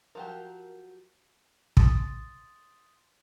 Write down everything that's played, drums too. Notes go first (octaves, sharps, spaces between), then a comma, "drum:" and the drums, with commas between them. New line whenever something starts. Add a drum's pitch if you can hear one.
F3 F#3 G4 A#4
C6 D#6 A6, drum: kick